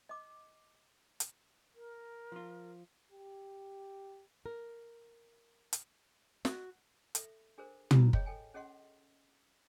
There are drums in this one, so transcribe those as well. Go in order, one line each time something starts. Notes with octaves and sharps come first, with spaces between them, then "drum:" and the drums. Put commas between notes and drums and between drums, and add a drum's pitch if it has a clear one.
D#5 D6
drum: hi-hat
A#4
F3 F4
G4
A#4
drum: hi-hat
F#4, drum: snare
A4 E5, drum: hi-hat
D4 G#4 A#4 C5
B4 C5 A#5 B5, drum: tom
G#4 C#5 D#5 G5, drum: kick
A4 G5 G#5
C#4 G#4 D#5 F#5 C6